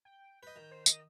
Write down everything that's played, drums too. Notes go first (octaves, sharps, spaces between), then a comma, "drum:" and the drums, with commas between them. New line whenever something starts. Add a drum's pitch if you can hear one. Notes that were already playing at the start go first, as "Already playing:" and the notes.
G5
B4 D#5 G6
D#3
C5
D#5, drum: tambourine